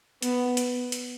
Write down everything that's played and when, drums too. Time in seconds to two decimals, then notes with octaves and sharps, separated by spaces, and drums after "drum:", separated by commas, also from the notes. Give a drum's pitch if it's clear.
0.22 B3, drum: hi-hat
0.57 drum: hi-hat
0.92 drum: hi-hat